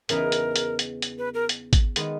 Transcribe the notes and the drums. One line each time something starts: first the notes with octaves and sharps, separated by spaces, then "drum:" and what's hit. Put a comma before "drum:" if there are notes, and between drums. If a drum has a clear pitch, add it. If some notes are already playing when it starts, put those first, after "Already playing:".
E2 C#3 E3 B3 D#4 A#4, drum: hi-hat
drum: hi-hat
drum: hi-hat
drum: hi-hat
drum: hi-hat
B4
A#4
drum: hi-hat
drum: kick G#1, hi-hat
D#3 G#3 B3, drum: hi-hat